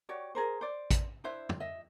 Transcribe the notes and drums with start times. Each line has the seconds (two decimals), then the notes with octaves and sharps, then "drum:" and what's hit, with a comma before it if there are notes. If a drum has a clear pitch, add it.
0.09 F#4 G4 C#5 D5
0.35 G#4 A#4 C5
0.61 C5 D5
0.91 drum: kick A1, hi-hat
1.24 D4 E4 C5 E5
1.49 drum: tom
1.60 D#5 E5